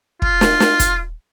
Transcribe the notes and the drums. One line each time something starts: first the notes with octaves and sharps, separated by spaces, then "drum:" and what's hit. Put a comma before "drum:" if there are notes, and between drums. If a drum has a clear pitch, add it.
F4, drum: kick
drum: snare
drum: snare
drum: kick, hi-hat